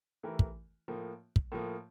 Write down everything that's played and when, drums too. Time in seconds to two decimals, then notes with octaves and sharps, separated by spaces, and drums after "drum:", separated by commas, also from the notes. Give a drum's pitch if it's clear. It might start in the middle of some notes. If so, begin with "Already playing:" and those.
0.23 E3 A3 E4 G4 A#4
0.39 drum: kick
0.88 A2 F3 A#3
1.36 drum: kick
1.52 A2 F3 A#3